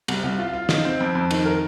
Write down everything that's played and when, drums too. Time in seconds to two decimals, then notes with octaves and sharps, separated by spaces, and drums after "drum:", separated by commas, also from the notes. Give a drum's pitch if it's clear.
0.08 C2, drum: cymbal
0.23 C2
0.38 F4
0.53 F4
0.69 D#4, drum: snare
0.85 C4
1.00 F2
1.15 F2
1.31 D#3, drum: cymbal
1.45 A#4